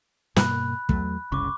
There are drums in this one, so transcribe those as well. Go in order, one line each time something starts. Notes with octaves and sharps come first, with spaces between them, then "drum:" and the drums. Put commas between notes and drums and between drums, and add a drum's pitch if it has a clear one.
G2 B2 A#3 B5 F#6, drum: snare
E2 F#3 A3, drum: kick
F#1 C2 C#3 C#6 D6